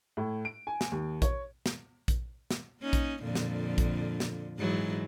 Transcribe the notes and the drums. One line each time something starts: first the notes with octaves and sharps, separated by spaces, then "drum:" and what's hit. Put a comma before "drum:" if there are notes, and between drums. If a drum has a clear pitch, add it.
A2
D7
G#5
drum: snare
D#2
C#5, drum: kick A#1, hi-hat
drum: snare
drum: kick A#1, hi-hat
drum: snare
A#3 C#4 D#4
drum: kick A#1, hi-hat
F2 A#2 D3
drum: snare
drum: kick A#1, hi-hat
drum: snare
G#2 E3 F#3